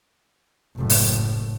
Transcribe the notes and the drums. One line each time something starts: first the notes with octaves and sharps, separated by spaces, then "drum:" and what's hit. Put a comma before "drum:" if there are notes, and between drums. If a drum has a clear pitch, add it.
F#1 A2
drum: open hi-hat